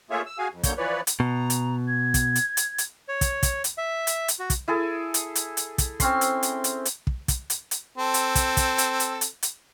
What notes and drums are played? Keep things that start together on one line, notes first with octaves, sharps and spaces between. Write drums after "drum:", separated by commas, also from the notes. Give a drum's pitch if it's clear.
A3 A#3 F4 G#4 C#5 E5
E6
F#4 G#4 F5 G#5
F2
F#2 D3 A#3 C#5 G6, drum: kick, hi-hat
E3 F3 B4 C#5 D5
drum: hi-hat
B2 A#5
drum: hi-hat
G#6
drum: kick, hi-hat
drum: hi-hat
drum: hi-hat
drum: hi-hat
C#5
drum: kick, hi-hat
drum: kick, hi-hat
drum: hi-hat
E5
drum: hi-hat
drum: hi-hat
F#4
drum: kick, hi-hat
E4 G#4 A4
drum: hi-hat
drum: hi-hat
drum: hi-hat
drum: kick, hi-hat
C4 C#4 C6, drum: kick, hi-hat
drum: hi-hat
drum: hi-hat
drum: hi-hat
drum: hi-hat
drum: kick
drum: kick, hi-hat
drum: hi-hat
drum: hi-hat
C4 A4
drum: hi-hat
drum: kick, hi-hat
drum: kick, hi-hat
drum: hi-hat
drum: hi-hat
drum: hi-hat
drum: hi-hat